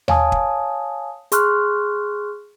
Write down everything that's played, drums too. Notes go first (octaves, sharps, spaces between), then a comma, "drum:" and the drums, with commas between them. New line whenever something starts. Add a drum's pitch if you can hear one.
C#5 F5 G#5 A5 D#6, drum: tom D#2
drum: kick
G#4 C6 C#6 F6 F#6, drum: hi-hat